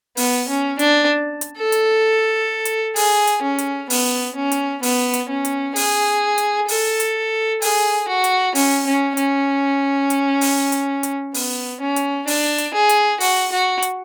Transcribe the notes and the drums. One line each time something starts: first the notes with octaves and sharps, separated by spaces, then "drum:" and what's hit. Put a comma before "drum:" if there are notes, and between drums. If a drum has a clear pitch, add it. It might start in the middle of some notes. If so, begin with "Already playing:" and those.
B3, drum: open hi-hat
C#4
D4, drum: hi-hat
drum: hi-hat
A4
drum: hi-hat
drum: hi-hat
G#4, drum: open hi-hat
drum: hi-hat
C#4
drum: hi-hat
B3, drum: open hi-hat
C#4
drum: hi-hat
B3, drum: open hi-hat
drum: hi-hat
C#4
drum: hi-hat
G#4, drum: open hi-hat
drum: hi-hat
A4, drum: open hi-hat
drum: hi-hat
G#4, drum: open hi-hat
F#4
drum: hi-hat
C#4, drum: open hi-hat
C#4
C#4, drum: hi-hat
drum: hi-hat
drum: open hi-hat
drum: hi-hat
drum: hi-hat
B3, drum: open hi-hat
C#4
drum: hi-hat
D4, drum: open hi-hat
drum: hi-hat
G#4
drum: hi-hat
F#4, drum: open hi-hat
F#4
drum: hi-hat